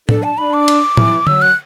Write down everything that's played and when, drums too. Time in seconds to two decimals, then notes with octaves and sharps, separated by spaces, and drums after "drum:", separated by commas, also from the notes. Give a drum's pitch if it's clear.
0.09 D4 A4, drum: tom A2
0.23 A5
0.38 D4 B5
0.53 D6
0.68 drum: cymbal
0.97 E3, drum: tom A2
1.27 F#3 E6, drum: tom D3
1.42 F#6